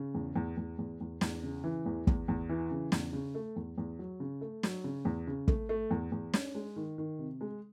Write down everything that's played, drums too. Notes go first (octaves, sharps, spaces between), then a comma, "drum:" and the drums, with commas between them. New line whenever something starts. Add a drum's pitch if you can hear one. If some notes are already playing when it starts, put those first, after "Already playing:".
Already playing: C#3
E2
E2
E2
E2
E2
E2, drum: snare
C#3
E3
E2
E2, drum: kick
E2
E3
C#3
E2, drum: snare
C#3
A3
E2
E2
F#3
C#3
A3
F#3, drum: snare
C#3
E2
C#3
A3, drum: kick
A3
E2
E2
C#4, drum: snare
G#3
D#3
D#3
C3
G#3